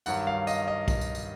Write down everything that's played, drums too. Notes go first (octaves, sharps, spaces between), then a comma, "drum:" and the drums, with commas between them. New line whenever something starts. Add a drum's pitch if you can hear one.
G2 D#3 F#3 F#5, drum: tambourine
F5
D#5, drum: tambourine
D#5
drum: kick, tambourine
drum: tambourine
drum: tambourine